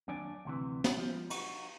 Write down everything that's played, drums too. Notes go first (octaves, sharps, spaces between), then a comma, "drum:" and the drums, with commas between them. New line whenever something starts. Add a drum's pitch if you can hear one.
D#2 F#3 D4 D5 G#5
D2 C3 E3
drum: snare
F3
D#4 F#4, drum: cymbal